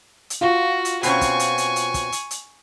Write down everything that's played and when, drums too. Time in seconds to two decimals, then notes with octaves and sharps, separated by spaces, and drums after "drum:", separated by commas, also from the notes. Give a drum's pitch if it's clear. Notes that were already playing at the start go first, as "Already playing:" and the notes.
0.30 drum: hi-hat
0.41 F4 F#4
0.85 drum: hi-hat
1.03 B2 C4 C#4 G#5 C#6, drum: hi-hat
1.21 drum: kick, hi-hat
1.39 drum: hi-hat
1.58 drum: hi-hat
1.76 drum: hi-hat
1.94 drum: kick, hi-hat
2.12 drum: hi-hat
2.31 drum: hi-hat